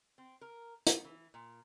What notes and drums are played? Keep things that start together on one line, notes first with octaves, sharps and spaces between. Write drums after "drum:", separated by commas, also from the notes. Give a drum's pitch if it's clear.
C4
A#4
B3, drum: hi-hat
E3
A#2